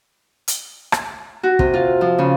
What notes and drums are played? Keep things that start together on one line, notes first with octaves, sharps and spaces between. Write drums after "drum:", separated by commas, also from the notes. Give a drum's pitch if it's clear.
drum: hi-hat
drum: rim click
F#4
C3, drum: kick
F4
F3
C#3